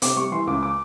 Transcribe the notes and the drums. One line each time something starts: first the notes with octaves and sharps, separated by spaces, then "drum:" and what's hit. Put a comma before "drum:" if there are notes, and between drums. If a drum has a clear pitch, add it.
C3 D6, drum: hi-hat
G3 C#6
E3 C6
C#2 D6
D6